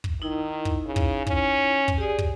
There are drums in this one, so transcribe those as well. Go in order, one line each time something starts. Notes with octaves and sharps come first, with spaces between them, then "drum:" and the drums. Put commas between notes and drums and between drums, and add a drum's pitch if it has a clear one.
drum: kick
D#3 D#4 E4
drum: kick
C#3
drum: kick
C#4, drum: kick
drum: kick
G4 G#4 D5
drum: kick